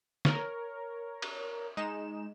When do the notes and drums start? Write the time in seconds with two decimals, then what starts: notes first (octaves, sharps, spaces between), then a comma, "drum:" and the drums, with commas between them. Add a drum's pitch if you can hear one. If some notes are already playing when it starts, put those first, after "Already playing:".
0.25 A#4 C#5, drum: snare
1.22 drum: cymbal
1.77 G#3 D#4 E7